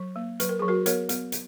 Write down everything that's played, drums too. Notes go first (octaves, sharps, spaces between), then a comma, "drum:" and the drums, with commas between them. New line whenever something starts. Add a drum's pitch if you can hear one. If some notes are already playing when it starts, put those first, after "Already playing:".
Already playing: F#3
A#3
F#3 B4, drum: hi-hat
A#4
F#3 G#4
F#4 A#4
B3 A#4 C#5, drum: hi-hat
B3, drum: hi-hat
drum: hi-hat